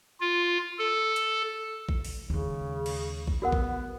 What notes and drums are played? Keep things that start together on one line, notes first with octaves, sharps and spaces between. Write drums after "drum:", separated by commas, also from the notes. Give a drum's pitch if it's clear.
F4
A4
drum: hi-hat
drum: kick A1
drum: open hi-hat
D#2 C#3 G#3
drum: cymbal
drum: kick A1
B3 F#4 A#4 F#5
drum: kick A1